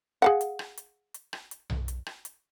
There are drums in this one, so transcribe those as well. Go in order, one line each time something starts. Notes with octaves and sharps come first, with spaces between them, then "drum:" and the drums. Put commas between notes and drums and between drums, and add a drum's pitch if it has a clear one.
G#4 F5 F#5
drum: hi-hat
drum: rim click
drum: hi-hat
drum: hi-hat
drum: rim click
drum: hi-hat
drum: tom B1
drum: hi-hat
drum: rim click
drum: hi-hat